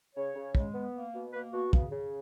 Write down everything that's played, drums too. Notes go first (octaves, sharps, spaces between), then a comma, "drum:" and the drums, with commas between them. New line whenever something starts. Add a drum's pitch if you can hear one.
C#3 C#5
C#3
G#3, drum: kick
B3
A#3
B2
A#3 B4
B2 F#4
C#3, drum: kick
C#3